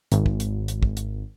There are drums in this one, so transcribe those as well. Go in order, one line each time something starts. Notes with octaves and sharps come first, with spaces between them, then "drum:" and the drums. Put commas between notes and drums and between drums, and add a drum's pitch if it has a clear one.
G#1, drum: hi-hat
drum: kick
drum: hi-hat
drum: hi-hat
drum: kick
drum: hi-hat